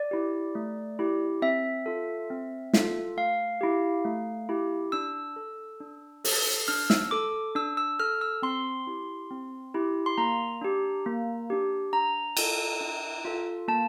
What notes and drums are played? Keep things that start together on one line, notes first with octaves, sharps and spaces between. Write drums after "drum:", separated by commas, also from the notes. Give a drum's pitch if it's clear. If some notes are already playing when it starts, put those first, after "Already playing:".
Already playing: D5
E4 G4
A3
E4 G4
C4 E5
F4 A4
C4
F4 A4, drum: snare
A3 F5
E4 G4
A3
E4 G4
D4 E6
A4
D4
A4, drum: open hi-hat
D4 F6
E6, drum: snare
A4 D6
D4 E6
E6
A4 F6
E6
C4 C6
E4 G4
C4
E4 G4
C6
A#3 A#5
D4 G4
A#3
D4 G4
D4 A#5
F4 A4, drum: cymbal
D4
F4 A4
A#3 A5